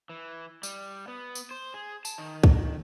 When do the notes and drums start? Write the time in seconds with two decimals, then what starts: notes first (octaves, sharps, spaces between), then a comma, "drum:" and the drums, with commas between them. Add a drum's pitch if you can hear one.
0.10 E3
0.63 G3, drum: tambourine
1.08 B3
1.35 drum: tambourine
1.51 C5
1.74 G#4
2.05 A5, drum: tambourine
2.18 D#3
2.44 drum: kick